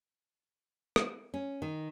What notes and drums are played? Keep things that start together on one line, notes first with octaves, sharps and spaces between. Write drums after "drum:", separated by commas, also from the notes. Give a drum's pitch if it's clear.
drum: rim click
C#4
D#3